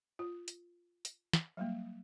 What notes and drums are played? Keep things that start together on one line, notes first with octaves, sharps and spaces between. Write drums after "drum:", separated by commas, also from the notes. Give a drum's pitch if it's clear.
F4
drum: hi-hat
drum: hi-hat
drum: snare
F#3 G3 A#3